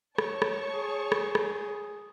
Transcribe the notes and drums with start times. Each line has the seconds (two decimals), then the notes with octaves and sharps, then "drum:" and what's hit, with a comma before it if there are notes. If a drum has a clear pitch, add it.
0.18 C#5 A5 C#6, drum: rim click
0.42 drum: rim click
0.73 G#4
1.12 drum: rim click
1.35 drum: rim click